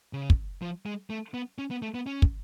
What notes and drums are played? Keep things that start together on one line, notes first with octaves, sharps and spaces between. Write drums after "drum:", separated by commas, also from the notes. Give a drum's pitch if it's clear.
C#3
drum: kick
F3
G#3
A3
B3
C#4
B3
A3
B3
C#4
drum: kick